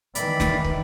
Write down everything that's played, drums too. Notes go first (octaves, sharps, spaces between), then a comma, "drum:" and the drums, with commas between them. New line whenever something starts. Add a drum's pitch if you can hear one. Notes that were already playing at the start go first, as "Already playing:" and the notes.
D#3 E3 D5 B5, drum: hi-hat
drum: snare
drum: kick